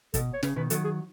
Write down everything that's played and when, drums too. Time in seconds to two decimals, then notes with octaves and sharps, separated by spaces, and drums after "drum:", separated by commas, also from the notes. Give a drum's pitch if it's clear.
0.14 B2 A4, drum: kick F#1, hi-hat
0.34 C#5
0.43 C#3 B4, drum: snare
0.56 B2 D#3 B4
0.70 D#3 F#3 A4, drum: hi-hat
0.85 G#4